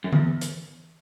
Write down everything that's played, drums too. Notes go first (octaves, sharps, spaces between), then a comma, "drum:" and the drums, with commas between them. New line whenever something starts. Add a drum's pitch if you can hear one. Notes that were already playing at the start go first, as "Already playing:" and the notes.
F#2
E2, drum: tom D3
drum: hi-hat